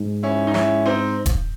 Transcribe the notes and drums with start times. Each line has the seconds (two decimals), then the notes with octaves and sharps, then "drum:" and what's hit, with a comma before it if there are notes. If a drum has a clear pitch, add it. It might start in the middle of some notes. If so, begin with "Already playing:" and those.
Already playing: G#2
0.23 C#4 E4
0.47 D#4
0.54 C#4 E4, drum: snare
0.86 C4 D#4
1.26 drum: kick D#1, hi-hat